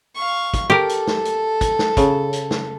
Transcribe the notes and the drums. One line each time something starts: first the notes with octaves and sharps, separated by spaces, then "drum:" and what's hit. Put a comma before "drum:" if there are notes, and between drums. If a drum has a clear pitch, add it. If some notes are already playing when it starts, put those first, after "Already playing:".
F5 C#6
drum: kick, hi-hat
G4 A4 A#4
drum: hi-hat
drum: snare
drum: hi-hat
drum: kick, hi-hat
drum: snare
C#3, drum: kick, hi-hat
drum: hi-hat
drum: snare